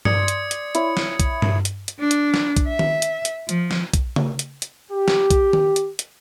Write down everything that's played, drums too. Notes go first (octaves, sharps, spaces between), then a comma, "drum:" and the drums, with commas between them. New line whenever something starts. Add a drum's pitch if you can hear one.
C5 D5 C6 D#6 G#6 C#7, drum: tom G2
drum: hi-hat
drum: hi-hat
E4 C#5, drum: hi-hat
drum: snare
drum: kick, hi-hat
drum: tom G2
drum: hi-hat
drum: hi-hat
D4
drum: hi-hat
drum: snare
drum: kick, hi-hat
E5
drum: tom D#3
drum: hi-hat
drum: hi-hat
F3, drum: hi-hat
drum: snare
drum: kick, hi-hat
drum: tom C#3
drum: hi-hat
drum: hi-hat
G4
drum: snare
drum: kick, hi-hat
drum: tom D#3
drum: hi-hat
drum: hi-hat